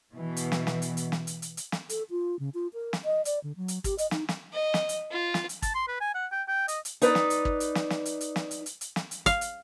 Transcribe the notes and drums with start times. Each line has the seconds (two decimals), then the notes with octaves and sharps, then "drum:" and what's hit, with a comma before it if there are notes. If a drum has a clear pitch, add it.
0.15 B2 E3
0.37 drum: hi-hat
0.52 drum: snare
0.67 drum: snare
0.82 drum: hi-hat
0.97 drum: hi-hat
1.12 drum: snare
1.27 drum: hi-hat
1.42 drum: hi-hat
1.57 drum: hi-hat
1.72 drum: snare
1.89 A4, drum: hi-hat
2.10 F4
2.39 C#3
2.54 F4
2.73 A#4
2.93 drum: snare
3.05 D#5
3.25 D5, drum: hi-hat
3.43 D3
3.56 F#3
3.68 drum: hi-hat
3.84 G4, drum: kick, hi-hat
3.98 D#5, drum: hi-hat
4.11 D#4, drum: snare
4.29 drum: snare
4.53 D#5
4.74 drum: snare
4.89 drum: hi-hat
5.11 F4
5.34 drum: snare
5.49 drum: hi-hat
5.62 A5, drum: kick, hi-hat
5.75 C6
5.88 B4
6.01 G#5
6.14 F#5
6.32 G5
6.48 G5
6.68 D#5, drum: hi-hat
6.85 drum: hi-hat
7.02 D#4 B4 D5, drum: hi-hat
7.15 drum: snare
7.30 drum: hi-hat
7.45 drum: kick
7.60 drum: hi-hat
7.75 drum: snare
7.90 drum: snare
8.05 drum: hi-hat
8.21 drum: hi-hat
8.36 drum: snare
8.51 drum: hi-hat
8.66 drum: hi-hat
8.81 drum: hi-hat
8.96 drum: snare
9.11 drum: hi-hat
9.26 F5, drum: kick, hi-hat
9.41 drum: hi-hat